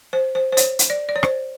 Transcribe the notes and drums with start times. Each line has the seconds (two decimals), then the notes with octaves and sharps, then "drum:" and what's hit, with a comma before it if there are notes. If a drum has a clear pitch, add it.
0.13 C5
0.35 C5
0.52 C5
0.57 C#5, drum: hi-hat
0.79 drum: hi-hat
0.90 D5
1.09 D5
1.16 C#5
1.23 C5, drum: rim click